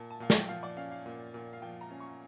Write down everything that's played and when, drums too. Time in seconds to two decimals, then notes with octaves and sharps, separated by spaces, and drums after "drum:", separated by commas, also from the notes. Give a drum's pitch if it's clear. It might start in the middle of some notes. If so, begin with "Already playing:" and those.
Already playing: A#2 A5
0.11 A5
0.20 A#2 F5
0.30 G5, drum: snare
0.40 G5
0.48 F3 F5
0.63 D5
0.77 C#4 F5
0.91 F5
1.06 A#2
1.34 A#2
1.53 F5
1.62 F3 G5
1.81 A#5
1.90 C#4
2.00 C#6